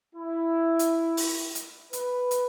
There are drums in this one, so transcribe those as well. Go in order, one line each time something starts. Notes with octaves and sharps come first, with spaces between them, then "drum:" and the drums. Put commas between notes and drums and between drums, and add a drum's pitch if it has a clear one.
E4
drum: hi-hat
drum: open hi-hat
drum: hi-hat
B4, drum: hi-hat
drum: hi-hat